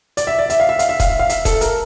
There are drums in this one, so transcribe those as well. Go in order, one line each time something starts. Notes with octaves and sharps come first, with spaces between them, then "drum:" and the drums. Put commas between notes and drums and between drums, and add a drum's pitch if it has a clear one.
D5, drum: hi-hat
E5
D5
E5, drum: hi-hat
F5
E5
F5, drum: hi-hat
E5
F5, drum: kick E1, hi-hat
E5
F5
E5, drum: hi-hat
A4, drum: kick E1, hi-hat
A#4, drum: hi-hat